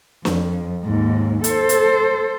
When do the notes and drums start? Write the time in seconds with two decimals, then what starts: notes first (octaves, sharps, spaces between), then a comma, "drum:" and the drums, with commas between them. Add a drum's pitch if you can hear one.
0.25 F2, drum: snare
0.83 D#2 G#2
1.44 A4 C5, drum: hi-hat
1.69 drum: hi-hat